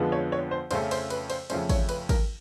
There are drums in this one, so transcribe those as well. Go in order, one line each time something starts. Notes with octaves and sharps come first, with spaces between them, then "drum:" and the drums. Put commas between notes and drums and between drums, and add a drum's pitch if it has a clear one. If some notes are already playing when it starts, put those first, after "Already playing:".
Already playing: F2 D3 F3 G#3 B3
C#5
C#5
C5
F2 C#3 F3 A3 C#4 C5, drum: cymbal
C5, drum: cymbal
B4, drum: cymbal
C5, drum: cymbal
F2 C#3 F3 A3 C#4 C5, drum: cymbal
C#5, drum: kick, cymbal
B4, drum: cymbal
A#4, drum: kick, cymbal